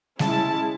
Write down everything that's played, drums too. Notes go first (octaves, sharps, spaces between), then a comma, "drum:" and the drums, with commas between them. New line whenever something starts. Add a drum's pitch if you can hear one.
G#3 C#4 E4 A5, drum: snare G3